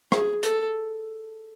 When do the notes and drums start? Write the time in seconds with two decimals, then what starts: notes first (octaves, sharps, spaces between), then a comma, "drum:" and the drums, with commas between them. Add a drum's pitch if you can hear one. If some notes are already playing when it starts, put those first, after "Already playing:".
0.12 G#4, drum: rim click
0.43 A4, drum: hi-hat